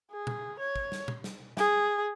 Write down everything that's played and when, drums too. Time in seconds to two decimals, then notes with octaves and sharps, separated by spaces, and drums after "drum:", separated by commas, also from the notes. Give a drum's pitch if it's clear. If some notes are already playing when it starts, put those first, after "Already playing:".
0.11 G#4
0.27 drum: tom
0.59 C#5
0.76 drum: kick
0.92 drum: snare
1.08 drum: tom
1.24 drum: snare
1.57 G#4, drum: snare